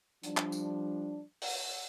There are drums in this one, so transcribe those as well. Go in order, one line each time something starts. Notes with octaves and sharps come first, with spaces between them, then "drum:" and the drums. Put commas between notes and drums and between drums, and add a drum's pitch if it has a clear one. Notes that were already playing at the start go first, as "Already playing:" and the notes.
F3 G3 D4, drum: hi-hat
drum: clap
drum: tambourine
drum: open hi-hat